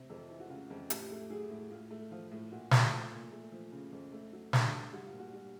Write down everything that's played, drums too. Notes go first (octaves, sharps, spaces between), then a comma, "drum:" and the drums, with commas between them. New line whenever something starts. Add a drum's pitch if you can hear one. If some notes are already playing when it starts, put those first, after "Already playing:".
Already playing: C3
F2 A4
E3
F#4
C#3 F4
F2
A2 G4, drum: hi-hat
A3
F#3 G#4
A2
A2 F4
A3
F3 F4
A2
A#2 F#4
A3, drum: snare
F3
A#2
A3
F3
C#3
F2
A3
F#3
D3, drum: snare
G2
G3 F#4
F4
A#2
F#4
G3